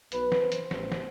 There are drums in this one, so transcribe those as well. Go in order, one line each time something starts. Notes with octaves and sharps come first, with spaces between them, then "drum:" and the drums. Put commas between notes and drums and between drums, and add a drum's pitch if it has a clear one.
B1 B2 F#3 B4, drum: hi-hat
drum: snare
C5
drum: hi-hat
A1 A2 E3 G3, drum: snare
drum: snare